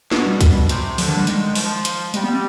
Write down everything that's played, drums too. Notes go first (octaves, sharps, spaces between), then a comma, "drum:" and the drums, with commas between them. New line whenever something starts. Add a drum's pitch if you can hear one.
B2 B3, drum: snare
G3
drum: kick, hi-hat
C3, drum: hi-hat
D3 F3, drum: open hi-hat
D#3
G3
D#3 G#3, drum: hi-hat
F3, drum: open hi-hat
drum: hi-hat
G3 G#3, drum: hi-hat
B3
C4